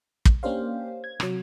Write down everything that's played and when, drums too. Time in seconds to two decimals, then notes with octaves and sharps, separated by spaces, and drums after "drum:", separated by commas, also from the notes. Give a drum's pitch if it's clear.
0.25 drum: kick
0.43 A#3 C#4 D4 G4 C5 F5
1.04 G#6
1.20 C3 F#3, drum: rim click